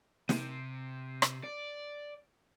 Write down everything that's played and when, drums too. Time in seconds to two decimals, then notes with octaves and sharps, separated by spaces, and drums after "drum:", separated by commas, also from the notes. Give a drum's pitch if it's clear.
0.29 C3, drum: snare
1.22 drum: rim click
1.44 D5